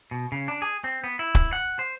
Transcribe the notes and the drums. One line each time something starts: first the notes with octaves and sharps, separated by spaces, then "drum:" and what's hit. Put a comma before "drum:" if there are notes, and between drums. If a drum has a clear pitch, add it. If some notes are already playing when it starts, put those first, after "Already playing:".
B2
C#3
D4
G#4
C4
B3
E4
drum: kick
F#5
C5